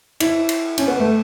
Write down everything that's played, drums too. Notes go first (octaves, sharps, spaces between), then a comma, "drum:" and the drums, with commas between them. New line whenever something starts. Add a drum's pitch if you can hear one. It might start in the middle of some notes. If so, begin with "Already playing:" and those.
E4, drum: cymbal
drum: cymbal
C#4, drum: cymbal
B3
A3